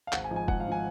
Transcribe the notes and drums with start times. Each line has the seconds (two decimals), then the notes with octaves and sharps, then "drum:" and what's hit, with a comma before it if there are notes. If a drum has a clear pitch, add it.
0.07 F5
0.13 G#1 F#5, drum: clap
0.24 G#5
0.30 G#2 F3
0.36 G#5
0.48 G#1 F#5, drum: kick F1
0.60 F5
0.68 F3 G#5